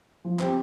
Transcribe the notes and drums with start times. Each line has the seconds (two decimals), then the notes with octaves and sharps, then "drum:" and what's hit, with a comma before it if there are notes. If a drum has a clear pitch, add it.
0.25 F3
0.39 C4 G4, drum: clap